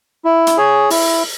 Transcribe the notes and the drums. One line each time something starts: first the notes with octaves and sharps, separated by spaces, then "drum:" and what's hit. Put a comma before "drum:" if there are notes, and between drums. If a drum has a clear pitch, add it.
E4
drum: hi-hat
G#4 C#5
E4, drum: open hi-hat